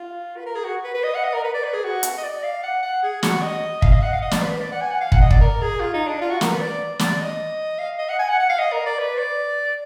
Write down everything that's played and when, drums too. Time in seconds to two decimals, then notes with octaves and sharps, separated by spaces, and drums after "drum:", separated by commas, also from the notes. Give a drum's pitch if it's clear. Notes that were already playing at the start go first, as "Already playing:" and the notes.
Already playing: F4
0.37 B4
0.46 A#4
0.55 G#4
0.64 F#4
0.84 B4
0.94 B4
1.04 D#5
1.14 F#5
1.24 D#5
1.34 A#4
1.44 B4
1.54 D5
1.64 B4
1.73 G#4
1.84 F#4
2.03 drum: hi-hat
2.18 D#5
2.24 D5
2.43 F5
2.63 F#5
2.83 F#5
3.03 G#4
3.23 F#4, drum: snare
3.43 D#5
3.82 F5, drum: kick
3.92 D#5
4.02 F#5
4.13 F5
4.22 D#5
4.31 D5, drum: snare
4.42 B4
4.52 B4
4.61 D5
4.72 F#5
4.81 G#5
4.91 F#5
5.01 F5
5.12 F#5, drum: kick
5.21 D#5
5.31 D5, drum: kick
5.41 A#4
5.61 G#4
5.80 F4
5.94 D#4
6.07 D4
6.21 F4
6.30 F#4
6.41 A#4, drum: snare
6.50 B4
6.60 D5
6.99 D5, drum: snare
7.20 D#5
7.79 F5
7.99 D#5
8.09 F#5
8.19 G#5
8.29 F#5
8.39 F#5
8.49 F5
8.59 D#5
8.73 A#4
8.86 D5
8.99 B4
9.18 D5